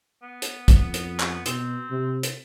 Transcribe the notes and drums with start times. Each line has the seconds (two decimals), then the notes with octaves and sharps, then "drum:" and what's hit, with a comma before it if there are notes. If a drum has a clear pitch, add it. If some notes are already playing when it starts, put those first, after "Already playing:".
0.22 B3
0.42 drum: hi-hat
0.68 drum: kick, hi-hat
0.80 F2
0.94 drum: hi-hat
1.20 drum: clap
1.46 B2 C4, drum: hi-hat
1.90 C3
2.23 drum: hi-hat